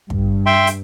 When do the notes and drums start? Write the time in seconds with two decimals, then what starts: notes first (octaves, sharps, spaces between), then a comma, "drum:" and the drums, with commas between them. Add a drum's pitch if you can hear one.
0.10 G2, drum: kick
0.46 E5 G5 C6
0.67 drum: hi-hat